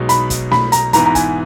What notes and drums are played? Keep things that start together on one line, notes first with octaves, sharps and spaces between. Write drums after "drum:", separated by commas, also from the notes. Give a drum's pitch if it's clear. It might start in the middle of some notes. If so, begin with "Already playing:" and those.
Already playing: B1 B2 G#3 D#4
B5, drum: hi-hat
drum: kick, hi-hat
B5, drum: snare
A#5, drum: hi-hat
G#2 E3 B3 A#5, drum: hi-hat
A#5
G#5, drum: kick, hi-hat